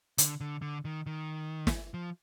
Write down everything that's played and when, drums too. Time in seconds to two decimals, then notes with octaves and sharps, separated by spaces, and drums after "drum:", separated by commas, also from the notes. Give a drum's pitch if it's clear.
0.18 D3, drum: hi-hat
0.40 D3
0.62 D3
0.85 D#3
1.06 D#3
1.67 drum: snare
1.94 F3